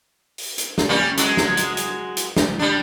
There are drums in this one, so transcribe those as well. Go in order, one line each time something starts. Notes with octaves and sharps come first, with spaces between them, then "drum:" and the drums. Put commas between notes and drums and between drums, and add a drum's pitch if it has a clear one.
drum: open hi-hat
drum: hi-hat
drum: snare
G3 A#3 C#4
F#3 G#3, drum: hi-hat
drum: snare
drum: hi-hat
drum: hi-hat
drum: hi-hat
drum: snare
G3 D4